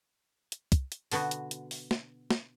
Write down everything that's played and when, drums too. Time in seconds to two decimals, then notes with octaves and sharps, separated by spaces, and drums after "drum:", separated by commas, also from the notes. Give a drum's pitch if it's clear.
0.52 drum: hi-hat
0.72 drum: kick, hi-hat
0.92 drum: hi-hat
1.12 B2 D3 B3 F#4, drum: open hi-hat
1.31 drum: hi-hat
1.51 drum: hi-hat
1.71 drum: open hi-hat
1.91 drum: snare
2.30 drum: snare